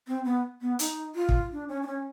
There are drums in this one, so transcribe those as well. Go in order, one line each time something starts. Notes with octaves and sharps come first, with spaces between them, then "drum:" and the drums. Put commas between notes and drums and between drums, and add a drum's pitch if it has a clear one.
C4
B3
B3
D#4, drum: hi-hat
F4
drum: kick
D4
C#4
D4
C#4